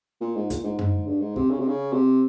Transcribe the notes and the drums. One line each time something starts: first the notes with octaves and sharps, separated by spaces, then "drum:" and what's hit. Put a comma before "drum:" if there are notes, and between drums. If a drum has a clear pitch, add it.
A#2
G#2
A#2, drum: kick, hi-hat
G#2
G#2, drum: tom F#2
G2
G#2
C3, drum: kick
C#3
C3
C#3
C3